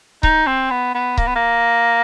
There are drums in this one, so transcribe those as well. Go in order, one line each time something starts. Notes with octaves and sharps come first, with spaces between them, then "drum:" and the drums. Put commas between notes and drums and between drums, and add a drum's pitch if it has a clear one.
D#4, drum: kick C#1
C4
B3
B3
A#3, drum: kick C#1
B3
A#3